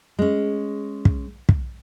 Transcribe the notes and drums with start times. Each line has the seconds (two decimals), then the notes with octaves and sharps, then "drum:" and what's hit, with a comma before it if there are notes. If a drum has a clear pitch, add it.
0.19 G#3 C#4
1.05 drum: kick
1.49 drum: kick